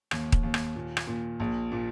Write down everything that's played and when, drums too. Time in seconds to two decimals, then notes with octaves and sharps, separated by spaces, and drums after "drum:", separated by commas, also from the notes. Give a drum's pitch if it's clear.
0.11 D#2, drum: rim click
0.32 drum: kick D#1
0.43 D#2
0.54 drum: rim click
0.75 A#2
0.97 drum: rim click
1.07 A#2
1.40 A#1
1.72 A#2